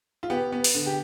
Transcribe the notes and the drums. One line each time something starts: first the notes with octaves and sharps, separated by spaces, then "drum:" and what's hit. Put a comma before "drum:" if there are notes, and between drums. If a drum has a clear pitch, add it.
F4
B3 G4
B3
drum: open hi-hat
D3
G4